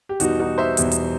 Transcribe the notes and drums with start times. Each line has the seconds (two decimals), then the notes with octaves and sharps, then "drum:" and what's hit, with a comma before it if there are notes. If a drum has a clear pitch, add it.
0.09 G4
0.20 E2 B2 G3 D#4 F#4, drum: hi-hat
0.40 D#4 F#4
0.58 C5 E5
0.77 E2 B2 G3, drum: hi-hat
0.91 drum: hi-hat